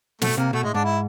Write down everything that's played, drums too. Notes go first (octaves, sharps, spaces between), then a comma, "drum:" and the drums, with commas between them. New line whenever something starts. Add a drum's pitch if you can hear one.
B2 A3, drum: snare
C3 A#3
B2 A3
A2 G#3
G#2 D4
E4